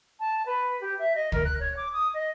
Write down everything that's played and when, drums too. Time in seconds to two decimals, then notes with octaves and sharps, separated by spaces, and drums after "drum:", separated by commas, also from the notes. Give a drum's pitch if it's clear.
0.20 A5
0.46 B4
0.81 G4
0.99 E5
1.15 D#5
1.32 A#4, drum: kick
1.45 F#6
1.60 C#5
1.77 D6
1.93 D#6
2.14 D#5